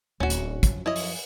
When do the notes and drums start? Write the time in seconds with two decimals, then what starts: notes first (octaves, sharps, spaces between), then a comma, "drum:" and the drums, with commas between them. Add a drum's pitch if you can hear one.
0.20 D1 C#4 F#4
0.30 drum: hi-hat
0.63 F#2 F3, drum: kick, hi-hat
0.86 E4 C#5 D#5
0.96 drum: open hi-hat